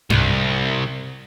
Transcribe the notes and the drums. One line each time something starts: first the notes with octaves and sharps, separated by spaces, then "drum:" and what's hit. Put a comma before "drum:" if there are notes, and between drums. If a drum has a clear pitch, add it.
C2, drum: tom G2